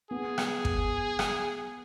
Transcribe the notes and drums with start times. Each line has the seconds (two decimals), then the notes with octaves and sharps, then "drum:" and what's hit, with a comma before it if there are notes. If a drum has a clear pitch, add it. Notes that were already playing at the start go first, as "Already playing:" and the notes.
0.10 B3 G#4
0.38 drum: rim click
0.65 drum: kick
1.19 drum: rim click